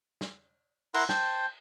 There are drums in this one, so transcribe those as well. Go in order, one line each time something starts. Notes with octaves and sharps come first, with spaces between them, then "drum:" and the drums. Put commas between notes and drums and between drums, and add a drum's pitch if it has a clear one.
drum: snare
E4 A#4 F#5 C6, drum: cymbal
C5 G5 A5, drum: snare